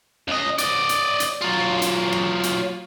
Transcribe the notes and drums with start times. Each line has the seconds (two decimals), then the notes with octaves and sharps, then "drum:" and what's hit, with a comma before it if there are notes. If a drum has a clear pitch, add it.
0.28 C#2 D#5
0.58 D5 D#5, drum: hi-hat
0.89 drum: hi-hat
1.20 drum: hi-hat
1.42 F#3 F4
1.82 drum: hi-hat
2.13 drum: rim click
2.43 drum: hi-hat